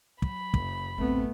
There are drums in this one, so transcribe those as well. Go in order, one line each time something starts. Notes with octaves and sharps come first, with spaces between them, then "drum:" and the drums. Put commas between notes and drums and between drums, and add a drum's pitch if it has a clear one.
F#3 B5, drum: kick
F#1, drum: kick
A1 D2 A3 B3 C4